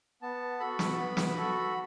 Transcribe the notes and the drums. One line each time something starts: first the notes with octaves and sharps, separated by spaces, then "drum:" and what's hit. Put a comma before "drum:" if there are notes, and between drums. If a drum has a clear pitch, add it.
B3 A5
F#4 A4 B5
drum: snare
B3
drum: snare
F#4 A4